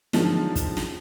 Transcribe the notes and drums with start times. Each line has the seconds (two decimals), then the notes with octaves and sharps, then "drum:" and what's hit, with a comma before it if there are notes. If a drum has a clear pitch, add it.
0.13 D3 D#3 F3 F#3 G#3, drum: snare
0.55 drum: kick, hi-hat
0.77 drum: snare